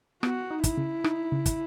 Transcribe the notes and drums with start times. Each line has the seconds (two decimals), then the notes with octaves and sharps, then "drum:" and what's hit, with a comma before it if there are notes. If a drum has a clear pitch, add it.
0.23 B3 F#4, drum: rim click
0.51 D#4
0.64 E4, drum: kick, hi-hat
0.77 C#3
1.04 D#4, drum: rim click
1.32 C#3
1.46 drum: kick, hi-hat